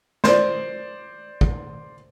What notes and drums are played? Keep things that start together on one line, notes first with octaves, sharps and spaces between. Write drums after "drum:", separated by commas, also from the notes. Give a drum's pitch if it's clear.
C5 D5, drum: snare
drum: kick